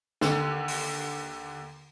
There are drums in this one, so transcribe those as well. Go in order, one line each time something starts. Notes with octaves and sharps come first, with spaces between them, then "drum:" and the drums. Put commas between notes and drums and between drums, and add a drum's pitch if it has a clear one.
D#2 D3, drum: snare
drum: open hi-hat